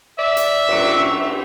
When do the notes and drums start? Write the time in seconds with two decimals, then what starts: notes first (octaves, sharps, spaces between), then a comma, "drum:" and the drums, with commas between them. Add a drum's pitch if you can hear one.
0.17 D5 E5
0.37 drum: hi-hat
0.68 A#2 F#3, drum: cymbal